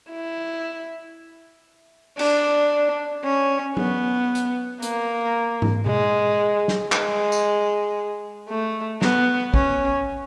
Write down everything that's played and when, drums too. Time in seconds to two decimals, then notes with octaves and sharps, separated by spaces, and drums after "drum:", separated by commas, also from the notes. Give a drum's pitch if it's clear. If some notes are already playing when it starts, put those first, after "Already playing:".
0.10 E4
2.19 D4, drum: cymbal
3.24 C#4
3.77 B3, drum: tom F#3
4.35 drum: hi-hat
4.82 A#3, drum: hi-hat
5.62 drum: tom G#2
5.86 G#3, drum: tom B2
6.68 drum: snare
6.92 G#3, drum: clap
7.32 drum: tambourine
8.49 A3
9.02 B3, drum: snare
9.54 C#4, drum: kick